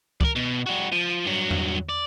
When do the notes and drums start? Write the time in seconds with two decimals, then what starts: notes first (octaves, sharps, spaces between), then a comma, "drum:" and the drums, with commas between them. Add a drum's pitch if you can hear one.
0.21 A#4 D5, drum: kick
0.36 B2
0.66 G3 F#4
0.92 F3
1.25 G2 F#3
1.51 drum: tom E2
1.89 D5